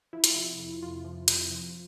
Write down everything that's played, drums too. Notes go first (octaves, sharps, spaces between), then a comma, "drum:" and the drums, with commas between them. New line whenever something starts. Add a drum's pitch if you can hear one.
F3 E4
F4, drum: hi-hat
C3 E4
F2
F2 F4
F3
C3, drum: hi-hat
F3